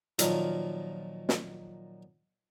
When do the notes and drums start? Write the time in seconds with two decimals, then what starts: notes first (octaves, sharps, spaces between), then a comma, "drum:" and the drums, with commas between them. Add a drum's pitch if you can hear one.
0.19 A#2 D#3 F3 F#3, drum: hi-hat
1.29 drum: snare